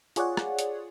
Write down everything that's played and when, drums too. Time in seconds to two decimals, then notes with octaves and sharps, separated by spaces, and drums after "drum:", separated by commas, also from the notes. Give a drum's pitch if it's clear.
0.16 F4 G#4 C#5 D5 F#5, drum: hi-hat
0.37 drum: rim click
0.59 drum: hi-hat